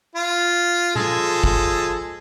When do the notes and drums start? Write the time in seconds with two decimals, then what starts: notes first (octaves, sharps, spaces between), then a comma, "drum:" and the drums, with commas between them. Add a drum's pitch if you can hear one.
0.15 F4
0.96 F3 G#3 A4, drum: tom A#2
1.44 drum: kick